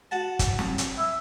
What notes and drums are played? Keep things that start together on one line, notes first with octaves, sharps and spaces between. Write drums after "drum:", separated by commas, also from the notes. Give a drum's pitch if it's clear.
F#4 F#5 A5
drum: kick, hi-hat
drum: snare
drum: hi-hat
E5